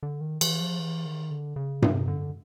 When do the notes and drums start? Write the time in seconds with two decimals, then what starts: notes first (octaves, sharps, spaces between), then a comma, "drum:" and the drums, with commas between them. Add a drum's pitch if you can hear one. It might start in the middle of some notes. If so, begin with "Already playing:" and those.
0.03 D3
0.21 D#3
0.41 E3, drum: cymbal
0.61 F3
0.79 E3
1.06 D#3
1.31 D3
1.56 C#3
1.82 C3, drum: tom G2
2.08 D3